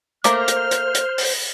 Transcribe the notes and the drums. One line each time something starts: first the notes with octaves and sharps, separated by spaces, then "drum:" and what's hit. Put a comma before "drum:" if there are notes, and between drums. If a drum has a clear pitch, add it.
A3 A#3 A#4 C5 D6 F6, drum: hi-hat
drum: hi-hat
drum: hi-hat
drum: hi-hat
drum: open hi-hat